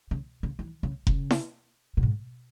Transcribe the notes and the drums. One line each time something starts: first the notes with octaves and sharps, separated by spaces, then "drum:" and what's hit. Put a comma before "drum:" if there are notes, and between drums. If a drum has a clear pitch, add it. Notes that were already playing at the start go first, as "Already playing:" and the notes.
C#3
C#3
E3
C#3
C#3, drum: kick F1
drum: snare E4
B2
G#2